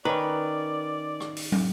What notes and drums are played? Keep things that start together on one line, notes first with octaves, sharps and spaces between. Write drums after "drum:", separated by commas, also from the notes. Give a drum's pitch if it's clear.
D#3 C#4 B4 D5
drum: rim click
drum: open hi-hat
drum: tom